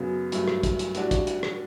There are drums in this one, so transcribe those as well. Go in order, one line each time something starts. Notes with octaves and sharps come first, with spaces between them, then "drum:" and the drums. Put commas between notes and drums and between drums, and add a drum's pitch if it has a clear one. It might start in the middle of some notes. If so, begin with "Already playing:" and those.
Already playing: F#2 C#3 F#3 B3
G2 F#3 A3, drum: hi-hat
drum: rim click
drum: kick, hi-hat
drum: hi-hat
A2 G3 D4 F#4, drum: hi-hat
drum: kick, hi-hat
drum: hi-hat
drum: rim click